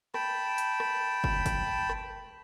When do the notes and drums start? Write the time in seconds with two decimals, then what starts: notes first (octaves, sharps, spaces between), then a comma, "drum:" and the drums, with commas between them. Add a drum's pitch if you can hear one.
0.14 G5 A5 B5, drum: rim click
0.58 drum: hi-hat
0.80 drum: rim click
1.24 drum: kick
1.46 drum: kick, hi-hat
1.90 drum: rim click